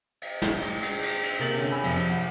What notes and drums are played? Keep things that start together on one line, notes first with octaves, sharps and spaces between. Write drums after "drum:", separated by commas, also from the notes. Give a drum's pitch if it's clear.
drum: cymbal
drum: snare
drum: cymbal
drum: cymbal
drum: cymbal
drum: cymbal
C3 A#3 A#4 A6 F#7
D3 C#4
G#5 B5 E6
F2 C3, drum: cymbal
F#5